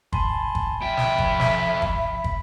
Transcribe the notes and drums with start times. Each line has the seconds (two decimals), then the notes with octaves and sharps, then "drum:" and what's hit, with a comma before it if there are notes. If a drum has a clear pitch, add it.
0.13 G#5 A5 B5 C6, drum: kick
0.55 drum: kick
0.81 F2 E5 G5 B5 D7
0.97 drum: snare
1.18 drum: kick
1.40 drum: snare
1.82 drum: kick
2.24 drum: kick